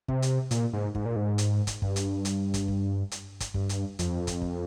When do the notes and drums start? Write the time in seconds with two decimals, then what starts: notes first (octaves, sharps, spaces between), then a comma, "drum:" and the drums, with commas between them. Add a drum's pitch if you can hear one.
0.08 C3, drum: kick
0.22 drum: hi-hat
0.51 A#2, drum: hi-hat
0.73 G#2
0.95 G#2, drum: kick
1.06 A#2
1.16 G#2
1.38 drum: hi-hat
1.67 drum: kick, hi-hat
1.82 G2, drum: kick
1.96 drum: hi-hat
2.25 drum: hi-hat
2.54 drum: kick, hi-hat
2.68 drum: kick
3.11 drum: hi-hat
3.40 drum: kick, hi-hat
3.54 G2, drum: kick
3.69 drum: hi-hat
3.99 F2, drum: hi-hat
4.27 drum: kick, hi-hat
4.42 drum: kick